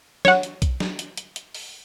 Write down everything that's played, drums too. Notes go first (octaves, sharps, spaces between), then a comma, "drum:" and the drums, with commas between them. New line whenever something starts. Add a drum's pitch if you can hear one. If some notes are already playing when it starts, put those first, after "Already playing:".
C#5 F#5, drum: snare
drum: hi-hat
drum: kick B1, hi-hat
drum: snare
drum: hi-hat
drum: hi-hat
drum: hi-hat
drum: open hi-hat